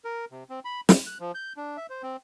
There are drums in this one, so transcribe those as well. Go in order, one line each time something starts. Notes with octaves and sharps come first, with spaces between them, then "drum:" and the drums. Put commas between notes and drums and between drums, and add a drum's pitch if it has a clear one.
A#4
C3
C4
B5
F2, drum: snare
F#6
F3
G6
D4
E5
C5
C4